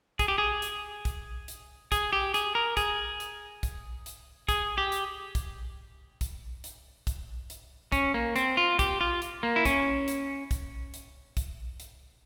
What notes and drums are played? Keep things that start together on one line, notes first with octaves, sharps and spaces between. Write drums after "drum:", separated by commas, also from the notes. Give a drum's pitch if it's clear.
G#4, drum: kick, hi-hat
G4
G#4
drum: hi-hat
drum: kick, hi-hat
drum: hi-hat
G#4, drum: kick, hi-hat
G4
G#4, drum: hi-hat
A#4
G#4, drum: kick, hi-hat
drum: hi-hat
drum: kick, hi-hat
drum: hi-hat
G#4, drum: kick, hi-hat
G4
drum: hi-hat
drum: kick, hi-hat
drum: kick, hi-hat
drum: hi-hat
drum: kick, hi-hat
drum: hi-hat
C#4, drum: kick, hi-hat
A#3
C4, drum: hi-hat
F4
G4, drum: kick, hi-hat
F4
drum: hi-hat
A#3
E4
C#4, drum: kick, hi-hat
drum: hi-hat
drum: kick, hi-hat
drum: hi-hat
drum: kick, hi-hat
drum: hi-hat